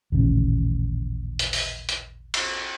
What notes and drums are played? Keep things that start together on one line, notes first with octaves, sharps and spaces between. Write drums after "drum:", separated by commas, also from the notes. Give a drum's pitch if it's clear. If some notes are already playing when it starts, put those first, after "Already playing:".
D#1 A1 C#3
drum: hi-hat
drum: open hi-hat
drum: hi-hat
drum: cymbal